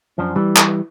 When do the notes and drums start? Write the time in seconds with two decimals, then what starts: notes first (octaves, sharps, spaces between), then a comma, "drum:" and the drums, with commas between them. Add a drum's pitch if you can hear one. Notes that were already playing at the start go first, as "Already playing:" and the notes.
0.18 F#2 F3 D4
0.36 E3 G3
0.57 drum: clap